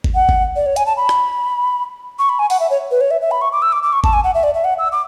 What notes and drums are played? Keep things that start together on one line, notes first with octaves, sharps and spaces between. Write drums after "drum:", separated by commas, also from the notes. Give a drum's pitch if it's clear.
drum: kick G#1
F#5
drum: kick G#1
D5
C#5
G#5, drum: hi-hat
A5
B5
drum: rim click
C#6
B5
G#5
F#5, drum: open hi-hat
E5
C#5
B4
C#5
E5
E5
B5
C#6
D6
E6
D6
D6
C#6
A5, drum: kick G#1
G#5
F#5
E5
D5
E5
F#5
E6
D6